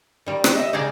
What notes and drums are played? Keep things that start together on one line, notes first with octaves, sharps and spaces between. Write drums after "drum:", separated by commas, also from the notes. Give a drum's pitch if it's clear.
D#3 G3
drum: rim click
D#5 E5
C#3 D#4 G4 G#4 D5